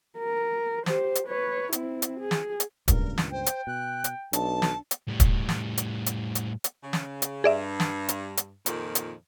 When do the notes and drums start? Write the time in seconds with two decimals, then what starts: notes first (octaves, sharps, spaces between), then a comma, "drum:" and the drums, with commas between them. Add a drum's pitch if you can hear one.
0.18 A#4
0.86 G4 C5, drum: snare
1.15 drum: hi-hat
1.27 B4 C#5
1.72 C4 E4, drum: hi-hat
2.02 drum: hi-hat
2.20 G#4
2.31 drum: snare
2.60 drum: hi-hat
2.88 C#2 G2 A#2 A#4, drum: kick, hi-hat
3.18 drum: snare
3.31 C5 G5
3.46 drum: hi-hat
3.67 B2 F#6
4.04 drum: hi-hat
4.33 B1 D4 A5, drum: hi-hat
4.62 drum: snare
4.91 drum: hi-hat
5.08 A2 G3
5.20 drum: kick, hi-hat
5.49 drum: snare
5.77 drum: hi-hat
6.06 drum: hi-hat
6.35 drum: hi-hat
6.64 drum: hi-hat
6.83 C#3
6.93 drum: snare
7.22 drum: hi-hat
7.44 G2 G#4 D5 E5
7.80 drum: snare
8.09 drum: hi-hat
8.37 drum: hi-hat
8.66 F2 A#2 D#3, drum: hi-hat
8.95 drum: hi-hat